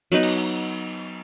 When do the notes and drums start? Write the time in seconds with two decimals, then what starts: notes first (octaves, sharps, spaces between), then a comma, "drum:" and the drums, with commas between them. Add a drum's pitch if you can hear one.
0.12 F#3 B3 D#4 B4
0.23 drum: cymbal